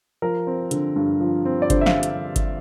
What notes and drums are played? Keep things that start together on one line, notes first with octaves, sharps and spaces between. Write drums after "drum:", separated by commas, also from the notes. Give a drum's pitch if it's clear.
F3 A#4
C4
D3, drum: hi-hat
G2
F3
C4
D5
D3 C5, drum: kick G1, hi-hat
E5
F5, drum: snare
drum: hi-hat
drum: kick G1, hi-hat